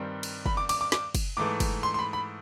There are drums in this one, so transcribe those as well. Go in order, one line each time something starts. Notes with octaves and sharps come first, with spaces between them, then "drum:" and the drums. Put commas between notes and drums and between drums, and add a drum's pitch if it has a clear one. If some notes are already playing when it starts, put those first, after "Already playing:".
Already playing: G2 D#3 G3 C4
drum: cymbal
B5, drum: kick
D6
D6, drum: cymbal
D6
D6, drum: snare
drum: kick, cymbal
G#2 E3 A3 D6
drum: kick, cymbal
C6
C6
B5
B5